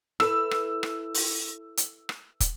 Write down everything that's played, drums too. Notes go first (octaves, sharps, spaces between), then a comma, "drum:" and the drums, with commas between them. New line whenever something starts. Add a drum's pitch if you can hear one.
E4 A4 B4 E6, drum: rim click
drum: rim click
drum: rim click
drum: open hi-hat
drum: hi-hat
drum: rim click
drum: kick, hi-hat